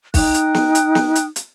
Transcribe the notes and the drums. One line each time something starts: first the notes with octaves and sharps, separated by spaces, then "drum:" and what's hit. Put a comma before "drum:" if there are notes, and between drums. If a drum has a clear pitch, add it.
D#4 G5 D#6 F#6, drum: kick, open hi-hat
drum: hi-hat
drum: snare
drum: hi-hat
drum: snare
drum: hi-hat
drum: hi-hat